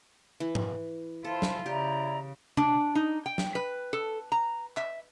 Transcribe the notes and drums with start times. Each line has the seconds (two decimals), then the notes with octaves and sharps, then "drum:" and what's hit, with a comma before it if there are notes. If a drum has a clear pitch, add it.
0.40 E3
0.55 drum: tom G#2
1.24 E4 F4 A4 C5 A5
1.42 drum: snare
1.66 C#3 E4 G4 D5 A#5
2.57 D4, drum: tom C3
2.95 D#4
3.26 G5
3.38 drum: snare
3.55 B4
3.93 A4
4.32 A#5
4.77 E5, drum: clap